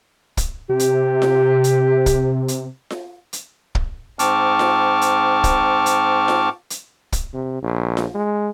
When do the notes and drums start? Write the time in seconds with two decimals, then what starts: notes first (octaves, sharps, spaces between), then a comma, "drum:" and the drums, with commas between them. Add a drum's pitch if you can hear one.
0.37 drum: kick, hi-hat
0.70 C3 G4
0.79 drum: hi-hat
1.22 drum: snare F4
1.64 drum: hi-hat
2.06 drum: kick, hi-hat
2.48 drum: hi-hat
2.90 drum: snare F4
3.33 drum: hi-hat
3.75 drum: kick
4.19 G#2 C4 A5 C#6 D6 F6, drum: hi-hat
4.59 drum: snare F4
5.01 drum: hi-hat
5.44 drum: kick, hi-hat
5.86 drum: hi-hat
6.28 drum: snare F4
6.70 drum: hi-hat
7.12 drum: kick, hi-hat
7.34 C3
7.62 A#1
7.97 drum: snare F4
8.15 G#3